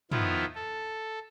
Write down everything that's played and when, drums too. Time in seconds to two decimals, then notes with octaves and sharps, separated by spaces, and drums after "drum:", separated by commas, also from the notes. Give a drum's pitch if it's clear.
0.11 D#3 F3 B3 E4 F4, drum: tom
0.55 A4